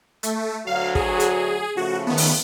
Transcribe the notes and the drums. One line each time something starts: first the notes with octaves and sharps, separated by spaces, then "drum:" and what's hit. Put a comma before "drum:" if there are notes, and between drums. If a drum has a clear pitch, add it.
A3, drum: hi-hat
D2 F#3 F#4 F5
G#4, drum: kick
drum: hi-hat
C#3 F3 A3 F#4
D#3 B3
drum: open hi-hat